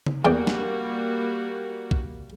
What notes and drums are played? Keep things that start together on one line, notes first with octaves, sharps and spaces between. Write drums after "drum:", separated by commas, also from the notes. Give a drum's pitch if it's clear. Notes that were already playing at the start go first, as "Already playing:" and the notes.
drum: tom C#3
E2 G3 A#3 F#4 D5 G5
drum: snare
drum: kick